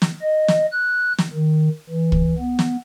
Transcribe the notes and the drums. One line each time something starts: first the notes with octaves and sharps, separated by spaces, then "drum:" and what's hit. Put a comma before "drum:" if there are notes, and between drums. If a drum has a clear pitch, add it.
drum: snare
D#5
drum: snare
F#6
drum: snare
D#3
E3
drum: kick
B3
drum: snare